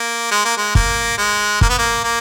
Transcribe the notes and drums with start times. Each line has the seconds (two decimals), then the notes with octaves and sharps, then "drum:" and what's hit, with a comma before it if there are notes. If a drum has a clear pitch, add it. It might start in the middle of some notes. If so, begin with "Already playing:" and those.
Already playing: A#3
0.31 G#3
0.45 A#3
0.57 G#3
0.75 A#3, drum: kick
1.18 G#3
1.61 A#3, drum: kick
1.69 B3
1.78 A#3
2.04 A#3